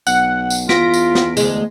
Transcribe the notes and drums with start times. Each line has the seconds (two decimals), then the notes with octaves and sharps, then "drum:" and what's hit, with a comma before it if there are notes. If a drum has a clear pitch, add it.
0.07 B1 F#5, drum: tambourine
0.50 drum: tambourine
0.69 E2 F4 A#6 B6 D7, drum: snare
0.94 drum: tambourine
1.15 drum: snare
1.37 D2 G#3, drum: tambourine